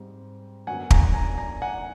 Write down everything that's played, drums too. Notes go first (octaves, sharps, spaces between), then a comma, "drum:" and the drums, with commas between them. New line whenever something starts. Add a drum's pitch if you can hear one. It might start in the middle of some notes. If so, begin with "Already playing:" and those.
Already playing: G#2 G3 C4
F#2 D3 F#3 B3 F#5 G#5
G#5 A#5, drum: kick
G#5 A#5
G#5 A#5
F#5 G#5